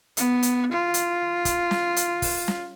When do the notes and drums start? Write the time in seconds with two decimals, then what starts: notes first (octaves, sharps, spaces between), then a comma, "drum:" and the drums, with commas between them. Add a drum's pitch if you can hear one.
0.17 B3, drum: hi-hat
0.43 drum: hi-hat
0.72 F4
0.94 drum: hi-hat
1.45 drum: kick, hi-hat
1.71 drum: snare
1.96 drum: hi-hat
2.22 drum: kick, open hi-hat
2.48 drum: snare